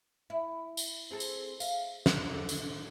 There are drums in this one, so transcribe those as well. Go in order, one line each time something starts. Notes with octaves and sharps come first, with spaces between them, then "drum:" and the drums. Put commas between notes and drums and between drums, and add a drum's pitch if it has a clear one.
E4
drum: tambourine
C4 G#4 A4
drum: tambourine
F5, drum: tambourine
D3 D#3, drum: snare
drum: tambourine